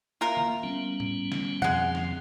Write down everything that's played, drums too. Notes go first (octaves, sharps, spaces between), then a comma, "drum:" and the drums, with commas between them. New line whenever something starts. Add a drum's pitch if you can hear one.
A#3 F4 A#4 E5
drum: tom D3
G3 B3 C#4
drum: tom A2
drum: snare
F2 F3 G#3 C4 F#5, drum: tom B2
drum: snare